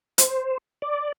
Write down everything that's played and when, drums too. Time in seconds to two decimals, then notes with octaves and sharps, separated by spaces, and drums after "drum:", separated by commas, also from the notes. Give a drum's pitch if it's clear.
0.18 C5, drum: hi-hat
0.82 D5